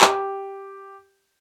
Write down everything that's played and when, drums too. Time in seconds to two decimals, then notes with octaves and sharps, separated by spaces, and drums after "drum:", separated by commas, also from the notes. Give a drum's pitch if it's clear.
0.01 G4, drum: clap